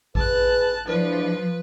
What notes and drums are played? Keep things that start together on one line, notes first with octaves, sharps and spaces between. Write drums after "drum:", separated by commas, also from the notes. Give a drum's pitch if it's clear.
G#4 B4 A5 F#6, drum: kick A1
F3 G#3 D4 E4 B4